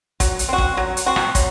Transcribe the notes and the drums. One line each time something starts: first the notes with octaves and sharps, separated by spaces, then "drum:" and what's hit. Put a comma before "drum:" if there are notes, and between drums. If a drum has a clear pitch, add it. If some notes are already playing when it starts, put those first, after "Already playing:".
F#3, drum: kick, hi-hat
drum: hi-hat
C4 F#4
drum: kick
F#3
drum: hi-hat
C4 F#4
drum: rim click
F#3, drum: kick, hi-hat